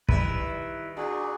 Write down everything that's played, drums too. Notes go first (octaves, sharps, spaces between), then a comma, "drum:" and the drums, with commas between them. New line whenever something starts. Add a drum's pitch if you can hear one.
D#3 G3 E4 B4 E5, drum: kick
A#2 D4 F#4 G#4